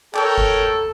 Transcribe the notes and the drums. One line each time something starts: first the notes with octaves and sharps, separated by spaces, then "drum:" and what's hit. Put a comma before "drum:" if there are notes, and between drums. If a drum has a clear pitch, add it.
A4 A#4 C#5 G5, drum: clap
drum: kick F#1